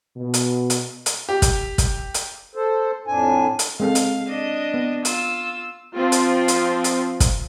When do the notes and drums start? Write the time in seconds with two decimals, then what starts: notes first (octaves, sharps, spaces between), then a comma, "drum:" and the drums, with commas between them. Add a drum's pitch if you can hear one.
0.16 B2
0.34 drum: hi-hat
0.70 drum: hi-hat
1.06 drum: hi-hat
1.29 G4
1.42 drum: kick, hi-hat
1.78 drum: kick, hi-hat
2.14 drum: hi-hat
2.55 A4 C5
3.07 F2 A2 D4 G#5
3.59 drum: hi-hat
3.80 G#3 C4 A4 F5
3.95 drum: hi-hat
4.28 D4 D#5
4.74 B3
5.05 F4 E6, drum: hi-hat
5.94 F3 C4 F4
6.12 drum: hi-hat
6.48 drum: hi-hat
6.84 drum: hi-hat
7.20 drum: kick, hi-hat